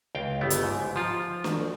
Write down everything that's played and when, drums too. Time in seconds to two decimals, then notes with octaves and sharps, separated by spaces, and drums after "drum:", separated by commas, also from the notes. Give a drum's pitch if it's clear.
0.15 C#2 F5 G5
0.41 G1 A3 B3
0.50 drum: hi-hat
0.63 G#2
0.96 F3 F4
1.44 drum: snare